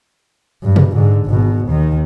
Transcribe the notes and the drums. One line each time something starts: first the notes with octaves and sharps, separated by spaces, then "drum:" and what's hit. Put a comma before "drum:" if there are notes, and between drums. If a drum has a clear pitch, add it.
G2
drum: tom
G#2 D3
G#1 B2
D#2 D#3